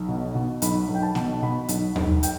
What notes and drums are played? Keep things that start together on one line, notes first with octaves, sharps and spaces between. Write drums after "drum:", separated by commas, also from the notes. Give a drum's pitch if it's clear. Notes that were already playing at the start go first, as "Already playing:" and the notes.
Already playing: B1
B2
B2
B1 B5, drum: hi-hat
B1
G5
A5
B2, drum: snare B3
B2 B5
B1, drum: hi-hat
B1, drum: tom D#2
G5, drum: hi-hat